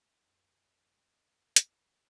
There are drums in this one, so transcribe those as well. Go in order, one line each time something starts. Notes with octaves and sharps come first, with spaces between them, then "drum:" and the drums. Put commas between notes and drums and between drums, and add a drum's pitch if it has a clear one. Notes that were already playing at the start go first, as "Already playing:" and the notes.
F#2
D#5
B3, drum: hi-hat